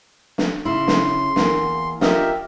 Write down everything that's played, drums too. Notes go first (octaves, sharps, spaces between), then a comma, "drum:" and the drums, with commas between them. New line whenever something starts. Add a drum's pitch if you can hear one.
drum: snare
C#3 E4 C6
drum: snare
E2 A#3, drum: snare
F4 G4 A#4 D#5 E5, drum: snare